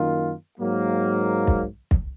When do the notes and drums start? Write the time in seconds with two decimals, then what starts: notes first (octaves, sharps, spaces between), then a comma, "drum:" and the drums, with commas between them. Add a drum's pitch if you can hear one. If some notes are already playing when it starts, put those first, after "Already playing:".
Already playing: F#2 D#3 A#3 F4
0.59 G#2 F#3 A#3
1.47 drum: kick
1.91 drum: kick